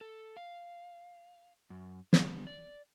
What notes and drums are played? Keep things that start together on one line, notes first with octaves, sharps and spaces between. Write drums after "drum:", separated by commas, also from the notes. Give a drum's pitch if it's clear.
A4
F5
F#2
D3 G3 B3, drum: snare
D5